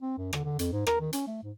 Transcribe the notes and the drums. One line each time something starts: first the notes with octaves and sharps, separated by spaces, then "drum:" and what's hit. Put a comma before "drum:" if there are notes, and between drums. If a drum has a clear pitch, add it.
C4
F#2
D3, drum: rim click
D3
F2, drum: hi-hat
G#2
A#4, drum: rim click
D#3
C#4, drum: hi-hat
A3
G#2